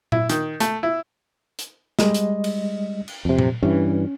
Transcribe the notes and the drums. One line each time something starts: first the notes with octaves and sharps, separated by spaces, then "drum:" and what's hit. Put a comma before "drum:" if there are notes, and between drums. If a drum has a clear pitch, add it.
E4, drum: tom A#2
D#3, drum: hi-hat
A3, drum: hi-hat
E4
drum: hi-hat
G3 G#3 D#5, drum: snare
drum: hi-hat
drum: cymbal
drum: cymbal
F2 C3
drum: tom A#2
G2 E3 C#4